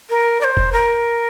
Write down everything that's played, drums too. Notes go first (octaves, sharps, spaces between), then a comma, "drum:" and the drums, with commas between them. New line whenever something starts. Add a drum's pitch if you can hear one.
A#4
D5
C5
drum: kick F1
A#4